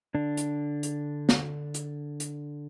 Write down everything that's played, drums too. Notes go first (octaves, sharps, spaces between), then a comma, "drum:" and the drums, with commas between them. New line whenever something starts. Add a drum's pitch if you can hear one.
D3 D4
drum: hi-hat
drum: hi-hat
drum: snare
drum: hi-hat
drum: hi-hat